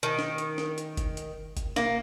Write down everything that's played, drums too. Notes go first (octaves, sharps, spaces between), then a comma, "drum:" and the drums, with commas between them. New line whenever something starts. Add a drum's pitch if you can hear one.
D#3
drum: snare
drum: hi-hat
drum: snare
drum: hi-hat
drum: kick, hi-hat
drum: hi-hat
drum: kick, hi-hat
A#3, drum: snare